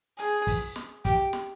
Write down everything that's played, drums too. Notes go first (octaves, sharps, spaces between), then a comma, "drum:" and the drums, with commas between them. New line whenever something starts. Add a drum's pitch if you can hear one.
G#4, drum: hi-hat
drum: kick, open hi-hat
drum: snare
G4, drum: kick, hi-hat
drum: snare